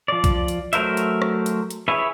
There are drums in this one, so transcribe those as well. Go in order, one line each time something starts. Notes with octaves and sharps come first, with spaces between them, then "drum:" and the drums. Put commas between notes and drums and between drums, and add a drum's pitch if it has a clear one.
F3 D5
drum: kick B1, hi-hat
drum: hi-hat
F#3 A3 A#4 C5 E5, drum: hi-hat
drum: hi-hat
drum: rim click
drum: hi-hat
drum: hi-hat
E4 G#4 B4 C#5 E5